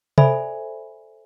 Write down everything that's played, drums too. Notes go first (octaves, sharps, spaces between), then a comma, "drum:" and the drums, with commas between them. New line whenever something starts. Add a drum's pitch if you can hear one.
A4 C5 D5 E5 G#5 B5, drum: tom C3